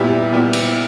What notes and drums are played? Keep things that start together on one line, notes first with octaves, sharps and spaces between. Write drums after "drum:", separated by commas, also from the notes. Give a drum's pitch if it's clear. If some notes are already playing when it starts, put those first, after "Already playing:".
Already playing: A#2 G3 B3 E4 G4
A#2 G3 B3 E4 G4
drum: cymbal